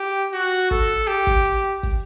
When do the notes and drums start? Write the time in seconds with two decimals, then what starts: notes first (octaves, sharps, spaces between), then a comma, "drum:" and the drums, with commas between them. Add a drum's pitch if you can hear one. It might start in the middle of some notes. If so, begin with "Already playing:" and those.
Already playing: G4
0.33 F#4, drum: hi-hat
0.52 drum: hi-hat
0.71 A4, drum: kick
0.89 drum: hi-hat
1.07 G4, drum: hi-hat
1.27 drum: kick, hi-hat
1.46 drum: hi-hat
1.64 drum: hi-hat
1.83 drum: kick, hi-hat